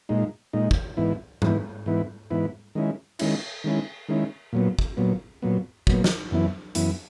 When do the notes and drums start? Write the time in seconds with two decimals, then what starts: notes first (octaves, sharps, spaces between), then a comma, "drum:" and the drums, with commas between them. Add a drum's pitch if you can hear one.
0.09 A#2 G#3 D#4
0.53 A#2 G#3 D#4
0.71 drum: kick
0.97 G#2 E3 B3 E4
1.42 G#2 E3 B3 E4, drum: tom G#2
1.86 G#2 E3 B3 E4
2.31 G#2 E3 B3 E4
2.75 D#3 G#3 C#4 E4
3.19 D#3 G#3 C#4 E4, drum: cymbal
3.64 D#3 G#3 C#4 E4
4.09 D#3 G#3 C#4 E4
4.53 A#2 F#3 B3
4.79 drum: kick
4.97 A#2 F#3 B3
5.42 A#2 F#3 B3
5.87 A#2 F#3 B3, drum: kick
6.04 drum: snare
6.31 F#2 E3 B3 E4
6.75 F#2 E3 B3 E4, drum: hi-hat